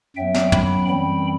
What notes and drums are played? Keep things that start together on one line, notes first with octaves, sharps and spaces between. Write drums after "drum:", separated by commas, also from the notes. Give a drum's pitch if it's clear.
F#2 F#3 B3 E5 G5
drum: snare
G5 B5, drum: tom
F#2 E3 G3 C4 G5 B5